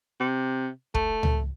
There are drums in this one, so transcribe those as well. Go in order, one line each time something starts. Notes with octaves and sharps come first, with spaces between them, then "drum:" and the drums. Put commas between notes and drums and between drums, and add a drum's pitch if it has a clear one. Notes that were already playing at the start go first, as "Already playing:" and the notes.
C3
A3, drum: kick
drum: tom C#2